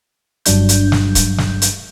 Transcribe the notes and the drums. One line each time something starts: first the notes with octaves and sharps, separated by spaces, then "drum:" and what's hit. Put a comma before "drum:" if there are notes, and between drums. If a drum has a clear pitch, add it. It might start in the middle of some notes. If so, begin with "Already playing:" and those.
G1 G2 F#3 D4 G6, drum: hi-hat
drum: hi-hat
drum: snare
drum: kick, hi-hat
drum: snare
drum: hi-hat